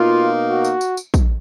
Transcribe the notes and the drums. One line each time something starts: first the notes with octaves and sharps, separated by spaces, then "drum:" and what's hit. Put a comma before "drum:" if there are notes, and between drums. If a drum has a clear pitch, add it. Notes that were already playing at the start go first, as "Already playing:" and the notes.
Already playing: B2 A#3 D#4 F4
F#4
drum: tambourine
drum: tambourine
drum: tambourine
drum: kick, tambourine